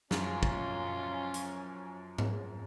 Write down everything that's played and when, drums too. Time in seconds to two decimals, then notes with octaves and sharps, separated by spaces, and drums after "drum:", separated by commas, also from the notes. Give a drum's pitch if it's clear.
0.11 F#2 F3 C#4 F4, drum: snare
0.43 drum: kick
1.34 drum: hi-hat
2.18 drum: tom G#2